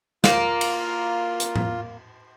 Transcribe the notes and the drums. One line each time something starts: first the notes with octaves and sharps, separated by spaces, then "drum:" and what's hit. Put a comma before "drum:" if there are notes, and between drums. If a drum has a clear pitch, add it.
A#3 F4, drum: snare
drum: cymbal
drum: hi-hat
drum: tom A2